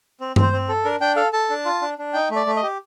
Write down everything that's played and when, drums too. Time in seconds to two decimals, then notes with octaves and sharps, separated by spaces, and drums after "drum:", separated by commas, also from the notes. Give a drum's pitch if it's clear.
0.20 C4
0.36 C4, drum: tom G2
0.42 C5
0.53 C4
0.69 A4
0.85 D4 A#4
1.00 D4 G5
1.16 A4 F5
1.33 A4 A5
1.50 D4
1.65 F4
1.82 D4
1.98 D4
2.13 D#4 G5
2.31 A3
2.36 D5
2.46 A3
2.56 D#5
2.63 G4